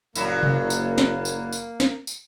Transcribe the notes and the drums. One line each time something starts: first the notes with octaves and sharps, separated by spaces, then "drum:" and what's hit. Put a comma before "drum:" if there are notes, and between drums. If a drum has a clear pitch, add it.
F#1 A#2 F#3 A#3 E4, drum: tambourine
drum: tom C3
drum: tambourine
drum: snare
drum: tambourine
drum: tambourine
drum: snare
drum: tambourine